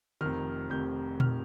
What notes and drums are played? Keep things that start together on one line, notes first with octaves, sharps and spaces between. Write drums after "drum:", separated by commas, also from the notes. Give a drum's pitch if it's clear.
F1 F2 D#3 F6
F1 F2 D#3 G6
D#3 F6, drum: tom A#2